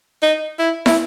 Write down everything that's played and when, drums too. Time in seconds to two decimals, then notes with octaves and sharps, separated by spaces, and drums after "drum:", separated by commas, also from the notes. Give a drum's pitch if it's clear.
0.22 D#4
0.59 E4
0.86 E4, drum: snare